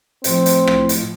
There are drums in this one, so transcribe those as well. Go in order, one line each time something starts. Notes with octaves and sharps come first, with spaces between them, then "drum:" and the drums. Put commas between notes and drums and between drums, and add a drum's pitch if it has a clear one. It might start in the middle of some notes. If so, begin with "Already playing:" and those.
A2 F3 C4, drum: hi-hat
drum: hi-hat
drum: rim click
drum: hi-hat